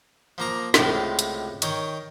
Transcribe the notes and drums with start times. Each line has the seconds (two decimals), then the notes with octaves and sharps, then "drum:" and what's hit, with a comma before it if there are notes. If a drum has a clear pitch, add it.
0.38 F3 A#3 A#5
0.74 C#2 A2 C3 F4, drum: snare
1.19 drum: hi-hat
1.62 D#3 C#5 G5 D#6, drum: hi-hat